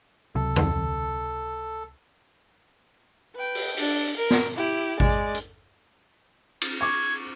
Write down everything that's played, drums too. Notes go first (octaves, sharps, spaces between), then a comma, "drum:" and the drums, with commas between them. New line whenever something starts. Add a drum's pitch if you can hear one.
C#2 C3 F#3 A4
drum: tom E2
B4 G5
drum: open hi-hat
D4, drum: open hi-hat
A#4
drum: snare
E4 G4
G#3 D5, drum: kick G#1
drum: hi-hat
drum: cymbal
C#6 D6 G#6